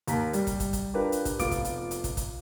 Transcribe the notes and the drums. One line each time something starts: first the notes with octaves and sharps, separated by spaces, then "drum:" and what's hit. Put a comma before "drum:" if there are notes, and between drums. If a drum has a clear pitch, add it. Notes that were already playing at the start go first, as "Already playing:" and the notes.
D#2 A#5 B6, drum: hi-hat
G3, drum: hi-hat
drum: kick, hi-hat
drum: kick, hi-hat
drum: kick, hi-hat
D4 F4 G4 A#4 B4
drum: hi-hat
drum: kick, hi-hat
F1 B3 F4 D6 D7, drum: kick, hi-hat
drum: kick, hi-hat
drum: hi-hat
drum: hi-hat
drum: kick, hi-hat
drum: kick, hi-hat